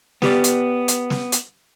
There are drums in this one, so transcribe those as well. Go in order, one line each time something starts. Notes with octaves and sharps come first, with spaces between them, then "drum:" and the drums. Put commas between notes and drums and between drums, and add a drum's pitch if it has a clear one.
B3 G4 D5, drum: snare
drum: hi-hat
drum: hi-hat
drum: snare
drum: hi-hat